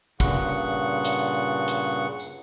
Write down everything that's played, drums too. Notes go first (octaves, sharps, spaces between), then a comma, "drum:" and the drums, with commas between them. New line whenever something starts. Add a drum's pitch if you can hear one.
G2 A#2 C#3 F#5 C#6, drum: kick
drum: hi-hat
drum: hi-hat
drum: tambourine